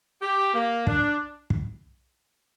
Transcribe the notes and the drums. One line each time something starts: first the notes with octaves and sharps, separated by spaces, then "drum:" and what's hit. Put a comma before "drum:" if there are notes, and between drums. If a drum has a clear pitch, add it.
G4
A#3
D4, drum: kick
drum: kick